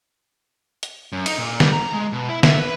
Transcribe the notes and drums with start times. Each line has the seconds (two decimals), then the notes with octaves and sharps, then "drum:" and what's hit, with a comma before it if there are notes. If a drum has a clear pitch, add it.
0.83 drum: hi-hat
1.12 F#2
1.26 D#4, drum: cymbal
1.38 A#2
1.60 G3, drum: snare
1.72 A#5
1.93 G#3
2.13 B2
2.29 E4
2.43 E5, drum: snare
2.59 B4